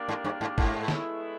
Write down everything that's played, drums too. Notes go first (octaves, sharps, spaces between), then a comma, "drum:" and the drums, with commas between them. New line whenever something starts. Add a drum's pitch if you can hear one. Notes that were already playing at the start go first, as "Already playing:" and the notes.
Already playing: A#3 D4 G4 A#4 D5
G#2
G2
G#2
G#2, drum: kick G#1
G#3 B3 E4 A4
drum: snare